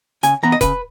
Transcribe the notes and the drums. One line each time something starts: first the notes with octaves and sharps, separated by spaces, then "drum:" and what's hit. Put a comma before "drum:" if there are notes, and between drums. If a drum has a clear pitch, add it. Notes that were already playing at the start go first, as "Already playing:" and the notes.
C#3 G#5, drum: hi-hat
E3 B3 A#5
D#5
C#3 B4, drum: kick E1, hi-hat